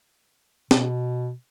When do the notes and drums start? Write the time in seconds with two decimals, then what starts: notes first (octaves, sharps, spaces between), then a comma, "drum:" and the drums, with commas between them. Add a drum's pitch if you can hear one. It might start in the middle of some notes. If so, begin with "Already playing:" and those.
0.71 B2, drum: snare